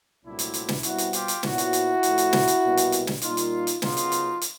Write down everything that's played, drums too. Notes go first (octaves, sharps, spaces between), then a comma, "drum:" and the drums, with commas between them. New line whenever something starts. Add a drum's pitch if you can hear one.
C2 A#2 F#3 A3 C4 D4 E4
drum: hi-hat
drum: hi-hat
drum: snare
B2 G3 C4 E4 F#4, drum: hi-hat
drum: hi-hat
F4 G4, drum: hi-hat
drum: hi-hat
A#2 F#3 B3 E4 F#4, drum: snare
drum: hi-hat
drum: hi-hat
A2 F3 A3, drum: hi-hat
drum: hi-hat
drum: snare
drum: hi-hat
C2 B2 G3 A#3
drum: hi-hat
drum: hi-hat
drum: snare
A#2 G3 A#3 D#4 F4, drum: hi-hat
drum: hi-hat
drum: hi-hat
F#2 C#3 F#3 B3 D#4 F4, drum: snare
drum: hi-hat
drum: hi-hat
drum: hi-hat